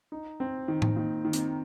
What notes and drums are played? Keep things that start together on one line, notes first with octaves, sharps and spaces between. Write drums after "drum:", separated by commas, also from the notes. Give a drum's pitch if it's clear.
D#4
C4
D#3
drum: tom A2
D#3 A#3
D#3
C4, drum: hi-hat
D#4